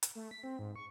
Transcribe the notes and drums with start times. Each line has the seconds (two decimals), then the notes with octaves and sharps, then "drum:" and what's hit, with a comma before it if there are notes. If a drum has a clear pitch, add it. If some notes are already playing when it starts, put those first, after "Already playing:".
0.03 drum: hi-hat
0.15 A3
0.31 B6
0.44 C4
0.59 G#2
0.76 C#6